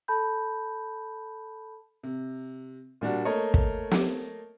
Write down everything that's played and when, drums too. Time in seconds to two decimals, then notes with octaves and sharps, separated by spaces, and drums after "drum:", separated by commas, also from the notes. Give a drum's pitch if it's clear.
0.08 A4 A5 B5 G6
2.03 C3
3.01 A#2 G3 D4 F#4
3.25 A3 A#3 A#4 C#5 D#5
3.54 drum: kick
3.91 drum: snare